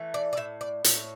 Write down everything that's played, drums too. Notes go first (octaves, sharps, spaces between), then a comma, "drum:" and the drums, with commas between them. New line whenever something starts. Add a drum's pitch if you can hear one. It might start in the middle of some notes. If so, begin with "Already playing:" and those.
Already playing: E3 A3
D5
D5
A2 E5
D5
A2 C#5, drum: hi-hat